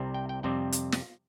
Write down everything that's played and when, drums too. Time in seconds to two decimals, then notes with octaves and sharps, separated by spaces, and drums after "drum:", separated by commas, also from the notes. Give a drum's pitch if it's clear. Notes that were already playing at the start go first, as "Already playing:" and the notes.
Already playing: C2 C3 G3 C4
0.14 G5
0.29 G5
0.43 F2 C3 G3 C4 G5
0.72 drum: hi-hat
0.92 drum: snare